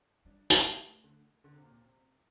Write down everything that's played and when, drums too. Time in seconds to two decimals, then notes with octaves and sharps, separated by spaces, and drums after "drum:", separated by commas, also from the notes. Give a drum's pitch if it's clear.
0.25 G3 D4
0.50 drum: tambourine
0.64 A3
1.04 D3
1.44 D3
1.54 C3
1.63 A#2
1.71 C3
1.84 C3